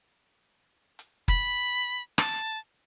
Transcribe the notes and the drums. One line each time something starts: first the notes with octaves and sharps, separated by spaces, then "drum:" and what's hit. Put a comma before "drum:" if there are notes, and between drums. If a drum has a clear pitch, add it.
drum: hi-hat
B5, drum: kick
A5, drum: rim click